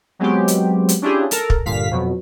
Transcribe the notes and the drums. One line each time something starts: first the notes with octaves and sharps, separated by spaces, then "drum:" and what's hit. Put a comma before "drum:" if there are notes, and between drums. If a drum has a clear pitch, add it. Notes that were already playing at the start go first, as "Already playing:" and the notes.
F#3 G#3 B3 C4 G4
drum: hi-hat
drum: hi-hat
C#4 D4 E4 F4 G4 G#4
A4 A#4 A#5, drum: hi-hat
drum: kick
G2 A#2 D3 F5 B6
F2 B2 F#3